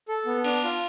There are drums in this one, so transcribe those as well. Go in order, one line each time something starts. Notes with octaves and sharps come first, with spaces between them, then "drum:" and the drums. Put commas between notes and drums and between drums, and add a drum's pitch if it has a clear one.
A4
B3
D4, drum: cymbal
F4